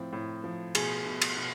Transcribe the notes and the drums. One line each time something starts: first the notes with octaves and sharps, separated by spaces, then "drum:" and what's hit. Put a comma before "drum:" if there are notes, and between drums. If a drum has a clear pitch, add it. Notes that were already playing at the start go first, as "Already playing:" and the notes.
Already playing: A2 F3 C4
A2
F3
B2 G#4, drum: cymbal
B2
drum: cymbal
B2